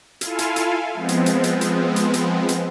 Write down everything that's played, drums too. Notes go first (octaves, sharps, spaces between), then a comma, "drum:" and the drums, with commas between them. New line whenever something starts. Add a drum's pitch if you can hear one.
E4 F4 A4 F5 G#5, drum: hi-hat
drum: hi-hat
drum: hi-hat
F3 G#3 B3 C4
drum: hi-hat
drum: hi-hat
drum: hi-hat
drum: hi-hat
drum: hi-hat
drum: hi-hat
drum: hi-hat